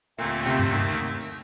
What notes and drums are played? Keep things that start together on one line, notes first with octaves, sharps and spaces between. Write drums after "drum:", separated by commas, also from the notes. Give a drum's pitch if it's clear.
D#2 A#2 D3 A3 C4
C3
drum: tom G2
D#3
drum: tambourine